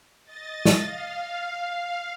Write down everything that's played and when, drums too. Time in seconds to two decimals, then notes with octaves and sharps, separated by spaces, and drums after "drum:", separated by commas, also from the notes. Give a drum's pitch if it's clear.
0.24 D#5 A6
0.65 drum: snare
0.80 F5